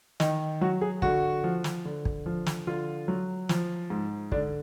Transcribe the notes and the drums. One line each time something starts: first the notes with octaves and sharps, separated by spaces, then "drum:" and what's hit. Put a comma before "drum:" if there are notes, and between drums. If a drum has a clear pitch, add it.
D#3 D#4, drum: snare
F#3 F#4
G#4
D3 F#4, drum: kick
F3
drum: snare
D3
drum: kick
F3
drum: snare
D3 F4
F#3
F3, drum: snare
G#2
D3 D4, drum: kick